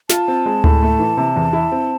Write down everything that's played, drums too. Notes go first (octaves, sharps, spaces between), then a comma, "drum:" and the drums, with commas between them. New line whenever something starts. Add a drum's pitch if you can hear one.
F4 A5, drum: snare
C4
G#3
A2, drum: tom D2
A3
E3
C3
E2
E4
C4